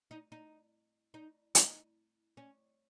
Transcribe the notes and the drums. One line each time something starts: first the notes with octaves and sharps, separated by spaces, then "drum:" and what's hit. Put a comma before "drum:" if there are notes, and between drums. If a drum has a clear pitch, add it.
D#4
D#4
D#4
D#4, drum: hi-hat
C#4